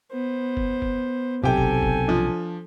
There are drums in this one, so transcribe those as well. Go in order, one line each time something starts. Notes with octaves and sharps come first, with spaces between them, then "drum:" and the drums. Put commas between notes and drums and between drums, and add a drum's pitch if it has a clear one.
B3 C5
drum: kick
drum: kick
B1 C3 G4 A4 G5 G#5
drum: kick
drum: kick
F3 D4